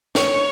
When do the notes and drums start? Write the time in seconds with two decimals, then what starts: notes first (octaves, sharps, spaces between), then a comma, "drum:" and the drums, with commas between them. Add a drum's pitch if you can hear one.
0.15 C#5, drum: snare